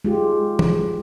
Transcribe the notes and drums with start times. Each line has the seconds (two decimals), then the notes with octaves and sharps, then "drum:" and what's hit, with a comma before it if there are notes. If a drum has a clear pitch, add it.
0.05 G#3 F4 G4
0.59 drum: tom